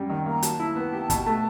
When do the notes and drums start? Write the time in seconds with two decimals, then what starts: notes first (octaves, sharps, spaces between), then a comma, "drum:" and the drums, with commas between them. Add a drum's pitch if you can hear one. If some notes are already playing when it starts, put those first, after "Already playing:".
Already playing: F#2 G3
0.10 D#3
0.26 A#3 A#5
0.43 F#3 A5, drum: hi-hat
0.60 E4
0.76 B3
0.93 G4
1.10 B2, drum: kick, hi-hat
1.26 A3